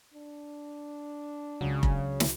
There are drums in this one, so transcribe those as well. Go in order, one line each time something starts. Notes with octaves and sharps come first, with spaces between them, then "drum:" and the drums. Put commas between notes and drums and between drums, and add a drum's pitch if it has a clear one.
D4
C#2 C#3 F#3
drum: kick F1
drum: snare